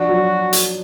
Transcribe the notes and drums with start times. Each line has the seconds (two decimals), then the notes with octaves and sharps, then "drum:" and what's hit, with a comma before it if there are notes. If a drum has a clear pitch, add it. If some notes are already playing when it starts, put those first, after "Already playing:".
Already playing: F3 D4 F#4
0.09 F#3
0.53 drum: hi-hat